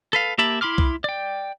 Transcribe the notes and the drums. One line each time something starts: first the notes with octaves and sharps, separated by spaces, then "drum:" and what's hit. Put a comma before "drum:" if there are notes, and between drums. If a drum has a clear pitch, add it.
A4 B4 F5
A#3 G4 E5 A5 B5
E4 B5 C6 D6 F6
drum: kick C2
D5 G5